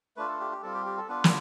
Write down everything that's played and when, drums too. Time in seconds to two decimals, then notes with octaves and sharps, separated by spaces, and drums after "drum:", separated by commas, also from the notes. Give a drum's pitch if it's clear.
0.17 A3 D4 F4 B4
0.28 A4
0.40 G4
0.51 G4
0.63 G3 C4 F4 A4
0.74 G4
0.86 G4
0.97 A4
1.09 B3 D4 F4 B4
1.24 drum: snare